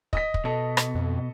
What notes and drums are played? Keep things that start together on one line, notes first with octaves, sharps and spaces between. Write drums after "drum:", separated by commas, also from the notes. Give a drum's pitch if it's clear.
D#5 D#6 B6, drum: kick
drum: kick
B2 A4 D#5
drum: rim click
F2